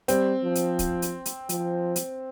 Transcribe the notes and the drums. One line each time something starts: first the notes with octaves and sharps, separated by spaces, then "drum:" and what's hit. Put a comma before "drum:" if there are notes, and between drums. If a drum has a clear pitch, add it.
G3 C4, drum: hi-hat
F3
drum: hi-hat
drum: kick, hi-hat
drum: hi-hat
drum: hi-hat
F3, drum: hi-hat
drum: hi-hat